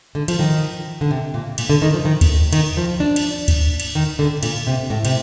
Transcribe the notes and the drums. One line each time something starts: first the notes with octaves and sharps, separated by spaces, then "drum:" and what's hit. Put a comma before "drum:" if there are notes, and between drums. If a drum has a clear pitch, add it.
D3
F3, drum: cymbal
D#3
D3
C3
A#2
A#2, drum: cymbal
D3
D#3
F3
D#3
drum: kick D2, cymbal
D#3, drum: cymbal
F3
D4
drum: cymbal
drum: kick D2, cymbal
drum: cymbal
D#3
D3
A#2, drum: cymbal
C3
A2
C3, drum: cymbal